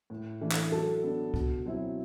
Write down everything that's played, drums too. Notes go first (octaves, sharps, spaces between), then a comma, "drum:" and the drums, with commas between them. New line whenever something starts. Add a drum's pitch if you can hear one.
A2
E3 A3 D4
drum: clap
F#3 A4
B3 D4
B2, drum: kick C2
F#3 C4 E4